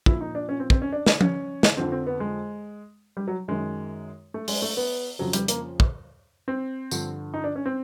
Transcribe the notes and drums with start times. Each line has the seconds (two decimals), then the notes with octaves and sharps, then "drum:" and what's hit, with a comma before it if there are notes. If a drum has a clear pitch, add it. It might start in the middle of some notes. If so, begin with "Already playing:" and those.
0.06 A#2 F3 E4, drum: kick
0.21 D#4
0.35 D4
0.49 C#4
0.60 C4
0.70 C4, drum: kick
0.82 C#4
0.92 D4
1.06 D4, drum: snare
1.21 C#4, drum: tom F3
1.63 drum: snare
1.77 F2 D3 F3 C4
1.92 C4
2.07 B3
2.20 G#3
3.17 G3
3.27 F#3
3.48 F#2 D#3 G#3
4.34 A3
4.48 G#3, drum: open hi-hat
4.62 A3
4.77 B3
5.19 F2 C#3 F3 F#3
5.33 G3, drum: hi-hat
5.48 A#3, drum: hi-hat
5.80 drum: kick
6.48 C4
6.91 G2 D3 F3, drum: tambourine
7.34 D#4
7.44 D4
7.56 C#4
7.66 C4